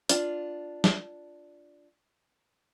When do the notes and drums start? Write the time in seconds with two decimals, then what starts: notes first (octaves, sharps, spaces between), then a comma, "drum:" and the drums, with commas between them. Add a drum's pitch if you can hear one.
0.09 D4 F4, drum: hi-hat
0.84 drum: snare